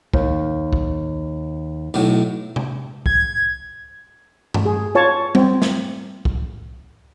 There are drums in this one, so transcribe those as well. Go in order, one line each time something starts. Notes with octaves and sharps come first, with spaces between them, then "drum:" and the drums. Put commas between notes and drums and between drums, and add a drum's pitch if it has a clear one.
D#2, drum: kick
drum: kick
B1 A2 F#3
drum: tom C3
G#6, drum: kick
drum: tom G2
G#4
F4 C#5 A5
C4, drum: tom G3
drum: snare
drum: kick